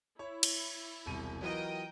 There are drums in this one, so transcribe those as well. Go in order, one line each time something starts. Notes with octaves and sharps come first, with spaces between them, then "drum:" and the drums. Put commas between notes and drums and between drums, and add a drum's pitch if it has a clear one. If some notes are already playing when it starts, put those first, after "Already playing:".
E4 C#5
drum: cymbal
E1 C2 D#7
E3 F#3 F4 A#4 D#5 G5